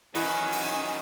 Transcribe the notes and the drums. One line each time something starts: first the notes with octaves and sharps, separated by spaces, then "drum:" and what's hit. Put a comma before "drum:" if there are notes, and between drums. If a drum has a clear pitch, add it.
F#2 D#3 E3 C#4 D#5 F#5 G#5 B5, drum: open hi-hat
drum: open hi-hat